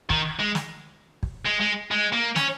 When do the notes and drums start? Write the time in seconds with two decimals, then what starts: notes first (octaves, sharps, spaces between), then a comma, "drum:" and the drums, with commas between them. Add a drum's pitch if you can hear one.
0.10 D#3, drum: kick
0.40 G#3
0.55 drum: snare
1.23 drum: kick
1.45 G#3
1.60 G#3
1.91 G#3
2.13 A#3
2.36 C#4, drum: snare